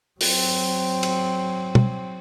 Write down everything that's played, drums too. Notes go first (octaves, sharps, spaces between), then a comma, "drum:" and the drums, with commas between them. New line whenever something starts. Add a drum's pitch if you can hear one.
F#3 C4, drum: open hi-hat
drum: cymbal
drum: tom